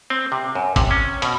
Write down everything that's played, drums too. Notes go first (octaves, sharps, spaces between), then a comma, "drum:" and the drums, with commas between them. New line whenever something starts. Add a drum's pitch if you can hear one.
C4
C3
F#2
C3, drum: kick G1, hi-hat
C#4
B2, drum: hi-hat